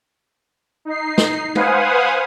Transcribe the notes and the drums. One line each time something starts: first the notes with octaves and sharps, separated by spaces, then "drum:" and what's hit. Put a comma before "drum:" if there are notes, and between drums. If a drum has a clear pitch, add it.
D#4 C7
drum: snare
B4 C5 F5 F#5 G#5 D#6, drum: tom